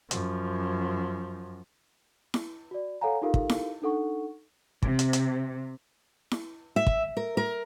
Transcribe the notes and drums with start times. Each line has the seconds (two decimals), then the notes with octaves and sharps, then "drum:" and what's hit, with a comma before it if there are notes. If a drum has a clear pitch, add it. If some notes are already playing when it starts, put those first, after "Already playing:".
0.11 F#2 F3, drum: hi-hat
2.34 drum: snare E4
2.71 F#4 D5
3.01 A4 C#5 F5 F#5 G#5 A#5
3.22 D#4 F4 G4 A4 A#4 F5
3.34 drum: kick
3.49 drum: snare E4
3.82 D4 D#4 A4 F#5 C#6
4.83 C3, drum: kick
4.99 drum: hi-hat
5.13 drum: hi-hat
6.31 drum: snare E4
6.76 E5
6.87 drum: kick
7.17 A#4
7.37 A#4